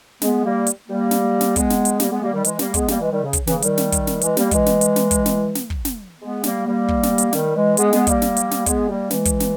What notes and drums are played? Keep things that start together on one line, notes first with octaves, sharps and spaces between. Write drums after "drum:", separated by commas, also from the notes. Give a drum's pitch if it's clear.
G#3 B3, drum: snare
G3 A#3
drum: hi-hat
G3 A#3
drum: snare
drum: snare
G#3 B3, drum: kick, hi-hat
drum: snare
drum: hi-hat
G3 A#3, drum: snare
G#3 B3
G3 A#3
D#3 G3
E3 G#3, drum: hi-hat
G3 A#3, drum: snare
G#3 B3, drum: kick, hi-hat
G3 A#3, drum: snare
E3 G#3
D#3 G3
C#3
drum: kick, hi-hat
C#3 E3, drum: snare
E3
D#3 G3, drum: hi-hat
drum: snare
drum: kick, hi-hat
drum: snare
E3 G#3, drum: hi-hat
G3 A#3, drum: snare
E3 G#3, drum: kick, hi-hat
drum: snare
drum: hi-hat
drum: snare
drum: kick, hi-hat
drum: snare
drum: snare
drum: kick
drum: snare
G#3 B3
G3 A#3, drum: snare
G3 A#3
drum: kick
drum: snare
drum: hi-hat
D#3 G3, drum: snare
E3 G#3
G#3 B3, drum: hi-hat
G#3 B3, drum: snare
G3 A#3, drum: kick, hi-hat
drum: snare
drum: hi-hat
drum: snare
G#3 B3, drum: kick, hi-hat
G3 A#3
E3 G#3, drum: snare
drum: kick, hi-hat
drum: snare